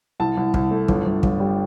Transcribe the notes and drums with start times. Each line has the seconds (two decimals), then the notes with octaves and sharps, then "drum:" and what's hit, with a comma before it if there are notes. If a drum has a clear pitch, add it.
0.20 C2 A5
0.37 C2
0.54 C2, drum: kick
0.71 A3
0.88 G1, drum: kick
1.06 G1
1.23 G1, drum: kick
1.40 G3